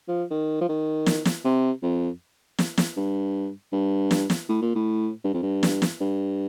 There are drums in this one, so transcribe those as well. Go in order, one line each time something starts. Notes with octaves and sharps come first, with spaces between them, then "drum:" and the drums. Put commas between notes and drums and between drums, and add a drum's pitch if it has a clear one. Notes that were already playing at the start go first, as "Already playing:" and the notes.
F3
D#3
F3
D#3
drum: snare
drum: snare
C3
F2
drum: snare
drum: snare
G2
G2
drum: snare
drum: snare
A2
A#2
A2
G2
F2
G2
drum: snare
drum: snare
G2